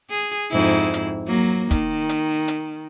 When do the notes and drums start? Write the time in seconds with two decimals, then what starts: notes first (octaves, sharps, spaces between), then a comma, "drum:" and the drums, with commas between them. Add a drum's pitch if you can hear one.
0.10 G#4
0.51 F2 G#2 E4
0.94 drum: hi-hat
1.27 F#3 A#3
1.71 D#3, drum: kick, hi-hat
2.09 drum: hi-hat
2.48 drum: hi-hat